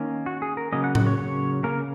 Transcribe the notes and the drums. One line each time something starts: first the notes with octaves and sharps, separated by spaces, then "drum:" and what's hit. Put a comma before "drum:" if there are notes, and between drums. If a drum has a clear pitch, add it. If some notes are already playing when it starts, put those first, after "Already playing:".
Already playing: D#3 A#3 C#4
F#4
G#4
A#4
C#3 F#3 A#3 C#4 D#5
F#5
F#5, drum: tom A2
C#5
C#5
C#3 A#3 C#4 A#4